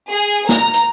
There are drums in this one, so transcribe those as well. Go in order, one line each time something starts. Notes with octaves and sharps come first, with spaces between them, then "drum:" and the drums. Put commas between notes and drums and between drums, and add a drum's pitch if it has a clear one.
G#4
A#5, drum: snare
drum: hi-hat